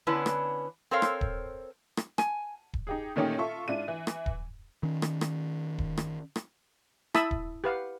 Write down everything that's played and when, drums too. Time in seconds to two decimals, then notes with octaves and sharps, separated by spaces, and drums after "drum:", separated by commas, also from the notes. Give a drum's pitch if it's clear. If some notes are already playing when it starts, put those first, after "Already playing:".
0.07 D3 B3 C#4 D4 E4 B4
0.26 drum: rim click
0.91 C4 A4 A#4 C5 C#5 F5
1.02 drum: rim click
1.21 drum: kick D#1
1.97 drum: rim click
2.18 G#5, drum: rim click
2.74 drum: kick D#1
2.87 D#4 G4 G#4
3.16 A#2 D#3 A3 C#4 D#4 G4
3.38 F4 A4 E5 C#6
3.68 G#2 D4 E4 F4 D#7
3.88 E3
4.07 drum: rim click
4.26 drum: kick D#1
4.83 D#3 C#4
5.02 drum: rim click
5.21 drum: rim click
5.78 drum: kick D#1
5.97 drum: rim click
6.36 drum: rim click
7.14 E4 E5 A5 B5 D#6 E6, drum: rim click
7.31 drum: kick D#1
7.64 G4 B4 F5 F#5